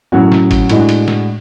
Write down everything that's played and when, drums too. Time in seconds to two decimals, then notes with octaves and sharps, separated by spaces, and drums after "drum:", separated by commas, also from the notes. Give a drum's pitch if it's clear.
0.12 A2 F#3 C#4 F#4
0.32 drum: snare
0.51 drum: kick G#1, cymbal
0.69 A2 G#3 D4 F#4, drum: cymbal
0.89 drum: cymbal
1.08 drum: snare